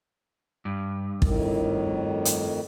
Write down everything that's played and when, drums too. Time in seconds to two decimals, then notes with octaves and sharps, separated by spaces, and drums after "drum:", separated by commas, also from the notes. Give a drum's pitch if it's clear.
0.65 G2
1.22 F2 A2 D#3, drum: kick
2.25 drum: hi-hat